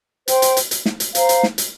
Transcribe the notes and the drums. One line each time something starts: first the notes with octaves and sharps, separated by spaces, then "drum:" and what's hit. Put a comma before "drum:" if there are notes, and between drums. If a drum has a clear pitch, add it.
C5 G5 C6, drum: hi-hat
drum: hi-hat
drum: hi-hat
drum: hi-hat
drum: snare
drum: hi-hat
C5 F5 A#5, drum: hi-hat
drum: hi-hat
drum: snare
drum: hi-hat